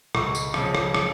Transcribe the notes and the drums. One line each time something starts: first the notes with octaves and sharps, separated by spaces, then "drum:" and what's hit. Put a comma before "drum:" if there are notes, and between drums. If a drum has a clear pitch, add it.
C#2 C#6, drum: rim click
drum: tambourine
C#3 F3, drum: rim click
drum: rim click
drum: rim click